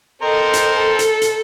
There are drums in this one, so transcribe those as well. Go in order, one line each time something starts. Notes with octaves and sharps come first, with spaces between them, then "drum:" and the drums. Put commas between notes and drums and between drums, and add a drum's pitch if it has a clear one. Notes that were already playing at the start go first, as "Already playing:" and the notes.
C4 A4 A#4 C5 D#5
drum: hi-hat
A4
drum: hi-hat
drum: hi-hat